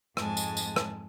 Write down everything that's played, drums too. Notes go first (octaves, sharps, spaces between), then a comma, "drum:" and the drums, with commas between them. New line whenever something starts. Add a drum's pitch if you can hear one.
F2 G#2 G#3 G#5 A5, drum: rim click
drum: tambourine
drum: tambourine
drum: rim click